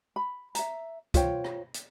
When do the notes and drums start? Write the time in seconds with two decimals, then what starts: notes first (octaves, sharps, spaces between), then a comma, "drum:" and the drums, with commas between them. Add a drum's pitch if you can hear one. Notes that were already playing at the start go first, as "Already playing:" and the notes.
0.16 B5
0.55 E5 A#5, drum: hi-hat
1.14 F4 C5 C#5 G5, drum: kick, hi-hat
1.44 drum: rim click
1.74 drum: hi-hat